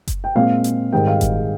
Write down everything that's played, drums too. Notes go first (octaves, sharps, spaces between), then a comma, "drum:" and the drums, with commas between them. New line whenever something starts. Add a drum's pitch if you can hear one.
drum: kick F#1, hi-hat
G5
A#2 G#3 C4 F5
drum: hi-hat
G#2 D#3 G3 G5
F5
drum: kick F#1, hi-hat